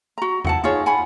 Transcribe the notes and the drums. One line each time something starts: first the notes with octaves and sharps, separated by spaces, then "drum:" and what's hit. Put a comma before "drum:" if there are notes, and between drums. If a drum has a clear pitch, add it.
F#4 A#5
E4 F#5 A5, drum: tom E2
D#4 F4 G#4 C#5
F#5 G#5 B5